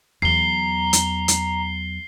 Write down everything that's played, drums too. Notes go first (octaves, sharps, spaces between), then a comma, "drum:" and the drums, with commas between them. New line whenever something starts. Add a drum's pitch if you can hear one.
E2 F#3 A#5 C7 G7
drum: hi-hat
drum: hi-hat